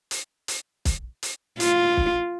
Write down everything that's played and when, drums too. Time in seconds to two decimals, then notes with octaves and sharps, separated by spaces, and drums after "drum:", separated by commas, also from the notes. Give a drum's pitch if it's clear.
0.11 drum: hi-hat
0.48 drum: hi-hat
0.85 drum: kick, hi-hat
1.23 drum: hi-hat
1.60 F4, drum: hi-hat
1.97 drum: kick